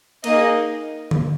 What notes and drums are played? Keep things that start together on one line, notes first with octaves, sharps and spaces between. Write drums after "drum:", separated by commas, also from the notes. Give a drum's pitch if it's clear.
A#3 D#4 G#4 D#5, drum: cymbal
drum: tom D3